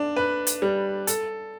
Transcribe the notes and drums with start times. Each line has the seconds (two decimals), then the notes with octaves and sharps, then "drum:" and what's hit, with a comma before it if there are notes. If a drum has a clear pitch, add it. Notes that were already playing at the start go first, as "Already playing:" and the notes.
Already playing: D4
0.16 B4
0.47 drum: hi-hat
0.62 G3
1.07 A4, drum: hi-hat